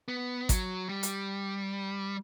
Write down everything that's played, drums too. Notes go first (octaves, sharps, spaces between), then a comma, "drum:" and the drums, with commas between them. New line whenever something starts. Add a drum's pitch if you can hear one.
B3
F#3, drum: kick G#1, hi-hat
G3
drum: hi-hat